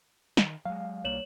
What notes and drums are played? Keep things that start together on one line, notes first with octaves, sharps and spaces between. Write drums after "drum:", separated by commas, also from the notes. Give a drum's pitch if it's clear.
D#3, drum: snare
F#3 G#3 F5
B1 G3 A#3 C#5 E7 F#7